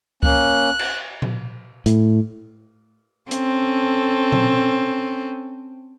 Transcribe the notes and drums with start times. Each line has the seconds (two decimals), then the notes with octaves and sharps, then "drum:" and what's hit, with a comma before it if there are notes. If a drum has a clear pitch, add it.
0.23 A#3 C#4 F#6, drum: kick C#2
0.79 drum: cymbal
1.22 drum: tom A#2
1.86 A2, drum: hi-hat
3.31 C4 C#4 A4, drum: hi-hat
4.32 drum: tom A#2